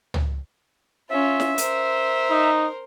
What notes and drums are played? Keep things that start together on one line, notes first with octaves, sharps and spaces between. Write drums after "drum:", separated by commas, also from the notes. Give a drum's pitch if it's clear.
drum: tom
C#4 F4 E5
drum: snare
A#4 C5, drum: hi-hat
D#4